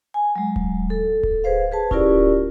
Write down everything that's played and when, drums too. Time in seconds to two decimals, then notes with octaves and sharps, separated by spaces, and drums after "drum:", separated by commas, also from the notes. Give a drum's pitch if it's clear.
0.14 G#5
0.36 F#3 G#3
0.56 drum: kick D1
0.90 A4
1.23 drum: kick D1
1.44 G#4 B4 C5 F5
1.72 G#4 B4 A5
1.91 C#4 E4 F4 G4 A#4 D5, drum: kick D1